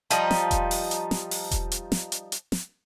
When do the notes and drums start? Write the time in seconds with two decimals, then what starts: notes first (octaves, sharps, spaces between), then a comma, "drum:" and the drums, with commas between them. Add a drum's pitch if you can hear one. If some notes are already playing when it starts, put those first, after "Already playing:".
0.10 F3 G3 D#4, drum: hi-hat
0.31 drum: snare
0.51 drum: kick E1, hi-hat
0.71 drum: open hi-hat
0.91 drum: hi-hat
1.11 drum: snare
1.31 drum: open hi-hat
1.51 drum: kick E1, hi-hat
1.72 drum: hi-hat
1.92 drum: snare
2.12 drum: hi-hat
2.32 drum: hi-hat
2.52 drum: snare